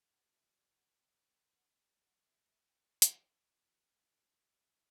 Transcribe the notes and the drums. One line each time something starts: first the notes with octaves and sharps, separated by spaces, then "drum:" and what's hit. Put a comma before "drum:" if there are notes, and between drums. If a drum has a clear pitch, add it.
E2 C#3 F#3 F#5
E5
D5
F#5
E2 C#3 G5
G5
F#5
D2 C#3 G3 G5
F#5
E5
E5
D2 C#3 G3 G5
drum: hi-hat
F#2 E3 G3
F#2 E3 G3